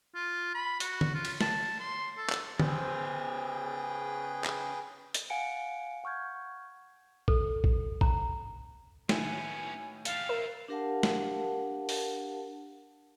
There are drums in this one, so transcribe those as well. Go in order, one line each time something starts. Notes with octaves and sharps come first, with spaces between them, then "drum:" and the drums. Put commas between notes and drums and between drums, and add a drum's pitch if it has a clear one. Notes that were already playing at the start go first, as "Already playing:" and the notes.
F4
B5
F#4, drum: hi-hat
drum: tom D3
F4
drum: cymbal
A5, drum: snare
C6
A4
drum: clap
C#3 G#4 B4 C5 G5, drum: tom D3
drum: clap
drum: hi-hat
F5 F#5 G#5 C#7 D7
F#5 C#6 F6 G6 G#6
A4, drum: kick A#1
drum: kick A#1
A#5, drum: kick A#1
A2 D#3 F#3 B3 C#4 G#5, drum: snare
G4 A4 F5 A6 E7, drum: hi-hat
F#4 A#4 E5
D4 G4 A#4 F5 F#5 A5
drum: snare
drum: open hi-hat